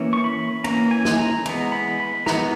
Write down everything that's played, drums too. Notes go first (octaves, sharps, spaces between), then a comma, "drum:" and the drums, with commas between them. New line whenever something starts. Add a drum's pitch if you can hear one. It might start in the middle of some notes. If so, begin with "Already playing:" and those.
Already playing: E3 A#3 C#4
C#6
B5
E3 A#3 C#4 A#5, drum: cymbal
G#5
drum: snare
A#5
E3 G#3 B3 A#5, drum: cymbal
B5
B5
E3 G#3 B3 A#5, drum: snare